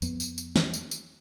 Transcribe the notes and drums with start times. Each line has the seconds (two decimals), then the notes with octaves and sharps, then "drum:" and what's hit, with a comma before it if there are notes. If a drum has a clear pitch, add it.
0.02 F2 B3, drum: tambourine
0.20 drum: tambourine
0.38 drum: tambourine
0.56 drum: snare
0.73 drum: tambourine
0.91 drum: tambourine